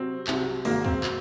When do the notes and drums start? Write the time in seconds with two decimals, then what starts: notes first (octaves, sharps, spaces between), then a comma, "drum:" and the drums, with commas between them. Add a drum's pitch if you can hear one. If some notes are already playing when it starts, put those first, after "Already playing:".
Already playing: C3 F#3 C4
0.27 C2 C3 F#3, drum: clap
0.65 G#1 G#2 F#3 A#3, drum: open hi-hat
0.85 C4, drum: kick
1.04 F#3, drum: clap